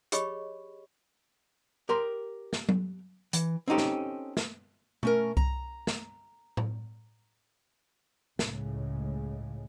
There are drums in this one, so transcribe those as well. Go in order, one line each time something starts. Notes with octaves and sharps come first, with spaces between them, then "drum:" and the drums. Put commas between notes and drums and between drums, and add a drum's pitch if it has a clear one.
G4 G#4 C#5 D#5 B5 C#6, drum: hi-hat
G4 A#4 C6
drum: snare
drum: tom F#3
E3, drum: hi-hat
C4 C#4 D#4 G4 A4
drum: snare
drum: snare
A3 C#4 A#4, drum: tom
A#5, drum: kick C2
drum: snare
drum: tom A2
C#2 A2 C#3 G#3, drum: snare